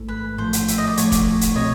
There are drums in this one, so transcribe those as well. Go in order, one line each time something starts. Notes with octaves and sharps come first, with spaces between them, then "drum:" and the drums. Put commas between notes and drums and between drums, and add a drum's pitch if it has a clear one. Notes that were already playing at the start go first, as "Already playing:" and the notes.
Already playing: A1 G#2 E3 A3
B4
A2 F3 A3 C5
drum: hi-hat
E5, drum: hi-hat
D#5
D5
A2 F3 A3 C#5, drum: hi-hat
drum: kick E1, hi-hat
drum: hi-hat
B2 G3 C4 C#5 D#5